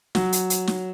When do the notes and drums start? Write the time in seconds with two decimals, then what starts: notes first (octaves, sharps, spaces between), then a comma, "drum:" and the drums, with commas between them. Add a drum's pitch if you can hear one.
0.15 F#3, drum: snare
0.32 drum: hi-hat
0.50 drum: hi-hat
0.67 drum: snare